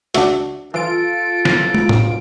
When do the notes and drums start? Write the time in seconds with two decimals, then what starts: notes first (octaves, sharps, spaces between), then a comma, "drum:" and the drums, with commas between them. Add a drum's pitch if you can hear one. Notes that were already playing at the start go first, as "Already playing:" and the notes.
0.14 C#2 D4 F#4 E5, drum: hi-hat
0.74 E3 F4 A4 D7
1.45 drum: snare
1.75 drum: tom
1.89 drum: tom A2